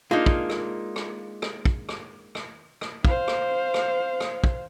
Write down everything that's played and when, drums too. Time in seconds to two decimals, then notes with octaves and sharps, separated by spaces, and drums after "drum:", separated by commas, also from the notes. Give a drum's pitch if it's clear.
0.11 G#3 A#3 D4 D#4 F4
0.26 drum: kick
0.50 drum: rim click
0.96 drum: rim click
1.42 drum: rim click
1.65 drum: kick
1.89 drum: rim click
2.35 drum: rim click
2.81 drum: rim click
3.05 C5 F5, drum: kick
3.28 drum: rim click
3.74 drum: rim click
4.20 drum: rim click
4.44 drum: kick